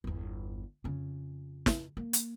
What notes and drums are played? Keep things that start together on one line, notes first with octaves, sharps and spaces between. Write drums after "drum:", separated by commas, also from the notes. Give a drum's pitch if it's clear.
G1 E2
F2 C#3
drum: snare
A#3
drum: hi-hat